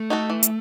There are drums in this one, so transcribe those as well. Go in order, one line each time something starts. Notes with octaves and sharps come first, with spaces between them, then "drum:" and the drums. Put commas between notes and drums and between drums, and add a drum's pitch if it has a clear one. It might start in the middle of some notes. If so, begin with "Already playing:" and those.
Already playing: A3
D#4 F#4 A4
E3
drum: hi-hat